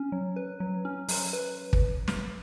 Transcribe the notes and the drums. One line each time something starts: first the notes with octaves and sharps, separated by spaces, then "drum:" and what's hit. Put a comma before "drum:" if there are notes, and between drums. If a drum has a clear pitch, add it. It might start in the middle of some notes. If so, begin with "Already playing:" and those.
Already playing: C#4
F#3
B4
F#3
C#4
F#3, drum: open hi-hat
B4
drum: kick
drum: snare